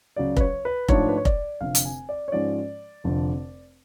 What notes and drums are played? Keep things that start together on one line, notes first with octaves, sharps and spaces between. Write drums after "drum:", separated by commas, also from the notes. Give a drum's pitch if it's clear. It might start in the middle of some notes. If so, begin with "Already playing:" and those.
C#2 C#3 F#3 D5
B4, drum: kick F1
C#5
B4
G#2 F3 A3 D4 C#5, drum: kick F1
B4
C#5
D5, drum: kick F1
F1 F2 D3 F5
drum: hi-hat
G#5
D5
C#5
G#2 F3 G#3 C#4 D5
F1 F2 D3